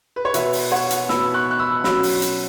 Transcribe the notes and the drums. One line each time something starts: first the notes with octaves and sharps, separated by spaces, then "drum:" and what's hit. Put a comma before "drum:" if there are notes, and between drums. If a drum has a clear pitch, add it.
B4
C#5
B2 B3 B4 E5, drum: hi-hat
drum: open hi-hat
C#5 F#5
drum: hi-hat
B2 B3 B5 E6, drum: snare
C#6 F#6
F#6
B5 E6
B2 F#3 C#4 B5 E6, drum: snare
drum: open hi-hat
drum: hi-hat